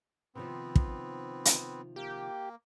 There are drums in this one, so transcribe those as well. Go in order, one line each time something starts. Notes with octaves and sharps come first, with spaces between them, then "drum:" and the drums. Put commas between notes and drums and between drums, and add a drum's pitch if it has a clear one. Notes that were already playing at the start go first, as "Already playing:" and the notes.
C3 D#3 F3 B3 C4
drum: kick
drum: hi-hat
A#3 G4